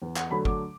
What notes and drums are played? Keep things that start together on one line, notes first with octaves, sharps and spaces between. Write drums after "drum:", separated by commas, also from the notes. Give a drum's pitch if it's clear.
E2
F#5, drum: clap
D3 F#3 A3 B5
D6, drum: kick G1